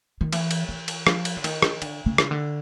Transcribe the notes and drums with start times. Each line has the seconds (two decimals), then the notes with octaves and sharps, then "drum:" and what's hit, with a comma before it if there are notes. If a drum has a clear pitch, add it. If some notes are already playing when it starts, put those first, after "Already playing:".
0.21 D#3
0.33 E3, drum: cymbal
0.51 drum: cymbal
0.69 E3
0.88 drum: cymbal
1.07 F3, drum: rim click
1.25 drum: cymbal
1.37 D3
1.44 D#3, drum: cymbal
1.62 drum: rim click
1.82 D3, drum: cymbal
2.06 C#3
2.18 drum: rim click
2.31 D3